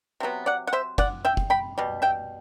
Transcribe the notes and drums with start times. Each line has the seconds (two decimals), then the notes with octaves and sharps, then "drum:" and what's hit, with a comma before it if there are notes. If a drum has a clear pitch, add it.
0.20 C3 F#3 B3
0.46 D5 F#5
0.67 F#5
0.73 C5 E5
0.98 D5 F#5, drum: kick F#1
1.25 E5 G5
1.37 drum: kick F#1
1.50 G5 B5
1.78 B2 G3
2.02 E5 G5